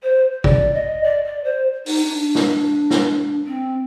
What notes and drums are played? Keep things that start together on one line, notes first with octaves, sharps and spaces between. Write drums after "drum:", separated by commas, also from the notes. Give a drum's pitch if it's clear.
C5
D5, drum: kick G#1
D#5
D5
D5
C5
D#4, drum: open hi-hat
D4
drum: snare
drum: snare
C4